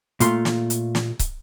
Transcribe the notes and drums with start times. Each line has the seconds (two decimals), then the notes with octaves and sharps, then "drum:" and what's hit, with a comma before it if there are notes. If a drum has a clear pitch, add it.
0.20 A#2 A3 F4 C6, drum: hi-hat
0.45 drum: snare
0.70 drum: hi-hat
0.95 drum: snare
1.19 drum: kick, hi-hat